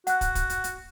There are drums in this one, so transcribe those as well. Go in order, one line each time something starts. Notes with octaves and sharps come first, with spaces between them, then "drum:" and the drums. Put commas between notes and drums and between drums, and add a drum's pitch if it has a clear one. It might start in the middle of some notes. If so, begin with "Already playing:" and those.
F#4 F#5 F#6, drum: hi-hat
drum: kick, hi-hat
drum: kick, hi-hat
drum: hi-hat
drum: hi-hat